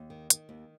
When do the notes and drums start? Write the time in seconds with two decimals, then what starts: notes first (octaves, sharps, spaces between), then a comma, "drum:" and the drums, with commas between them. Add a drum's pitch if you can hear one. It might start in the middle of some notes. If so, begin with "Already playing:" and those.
Already playing: D#2
0.10 D#3
0.30 D#3, drum: hi-hat
0.49 D#2